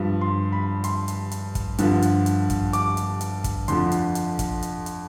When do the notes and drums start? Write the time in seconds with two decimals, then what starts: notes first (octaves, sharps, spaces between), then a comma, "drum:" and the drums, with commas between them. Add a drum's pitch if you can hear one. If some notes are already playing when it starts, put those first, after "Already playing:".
Already playing: G2 F3
0.21 C6
0.52 B5
0.84 C6, drum: hi-hat
1.08 drum: hi-hat
1.31 drum: hi-hat
1.55 drum: kick, hi-hat
1.78 G2 D3 F3, drum: hi-hat
2.02 drum: hi-hat
2.26 drum: hi-hat
2.50 drum: kick, hi-hat
2.73 D6, drum: hi-hat
2.97 drum: hi-hat
3.21 drum: hi-hat
3.44 drum: kick, hi-hat
3.68 F2 D3 F3 C6, drum: hi-hat
3.92 drum: hi-hat
4.15 drum: hi-hat
4.39 drum: kick, hi-hat
4.63 drum: hi-hat
4.86 drum: hi-hat